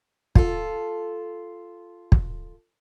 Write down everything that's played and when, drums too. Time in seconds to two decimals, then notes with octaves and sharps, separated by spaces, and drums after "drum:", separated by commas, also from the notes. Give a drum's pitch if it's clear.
0.35 F4 A4, drum: kick
2.12 drum: kick